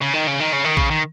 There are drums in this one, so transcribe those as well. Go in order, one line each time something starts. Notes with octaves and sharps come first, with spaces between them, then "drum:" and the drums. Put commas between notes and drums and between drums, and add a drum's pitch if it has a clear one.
C#3
D#3
C#3
D#3
C#3
D#3
C#3, drum: kick A#1
D#3